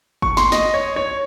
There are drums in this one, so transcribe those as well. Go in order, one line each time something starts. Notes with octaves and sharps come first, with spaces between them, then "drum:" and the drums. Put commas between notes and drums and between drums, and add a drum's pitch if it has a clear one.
C#6, drum: kick G1
C6, drum: snare
D#5, drum: snare
C#5
C#5